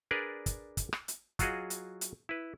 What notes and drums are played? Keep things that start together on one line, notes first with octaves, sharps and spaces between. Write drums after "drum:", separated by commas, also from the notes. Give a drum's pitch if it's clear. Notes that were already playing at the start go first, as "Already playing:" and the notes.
D4 G#4 A#4 B4 D5
drum: kick, hi-hat
drum: kick, hi-hat
drum: rim click
drum: hi-hat
F#3 F4 F#4 G#4 D#5, drum: kick, hi-hat
drum: hi-hat
drum: hi-hat
E4 B4